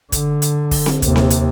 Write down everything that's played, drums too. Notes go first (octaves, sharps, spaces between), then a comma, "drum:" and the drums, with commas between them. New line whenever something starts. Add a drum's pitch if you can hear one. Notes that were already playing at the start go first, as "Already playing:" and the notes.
D3, drum: kick, hi-hat
drum: hi-hat
drum: kick, open hi-hat
drum: snare C4
D#2 C3, drum: kick, hi-hat
drum: snare C4
drum: hi-hat